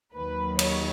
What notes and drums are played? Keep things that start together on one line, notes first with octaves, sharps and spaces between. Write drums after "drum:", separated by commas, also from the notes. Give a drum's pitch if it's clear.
D#2 D#3 F#3 B4
C#5, drum: cymbal